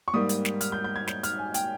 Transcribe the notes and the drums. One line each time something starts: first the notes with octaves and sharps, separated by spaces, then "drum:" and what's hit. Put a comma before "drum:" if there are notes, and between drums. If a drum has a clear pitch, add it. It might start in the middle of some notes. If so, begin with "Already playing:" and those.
C#6
G#2 G3 A#3 D#6
drum: hi-hat
drum: snare
F6, drum: hi-hat
G6
G6
G#6
G6, drum: snare
F6, drum: hi-hat
G#5
G5, drum: hi-hat